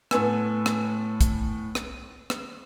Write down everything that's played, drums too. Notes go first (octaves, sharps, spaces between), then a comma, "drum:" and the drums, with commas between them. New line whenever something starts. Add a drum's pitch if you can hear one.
A2 B3 A4 B4 G#5 E6, drum: rim click
drum: rim click
drum: kick, hi-hat
drum: rim click
drum: rim click